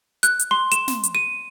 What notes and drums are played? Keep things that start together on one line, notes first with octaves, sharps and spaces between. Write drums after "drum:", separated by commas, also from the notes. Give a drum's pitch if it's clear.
F#6, drum: hi-hat
drum: hi-hat
C6
E7, drum: hi-hat
drum: snare
drum: hi-hat
D#7